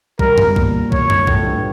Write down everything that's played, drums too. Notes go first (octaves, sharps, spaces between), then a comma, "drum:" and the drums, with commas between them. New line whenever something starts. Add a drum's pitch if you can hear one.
G3 A#4, drum: kick B1
drum: tom F#2
A#2, drum: kick B1
C#5, drum: kick B1
drum: tom F#2
A2, drum: kick B1
G2